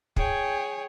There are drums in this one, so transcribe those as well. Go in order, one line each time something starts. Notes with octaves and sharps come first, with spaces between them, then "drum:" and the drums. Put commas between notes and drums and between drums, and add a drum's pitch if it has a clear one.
G#4 C#5 G5 G#5, drum: kick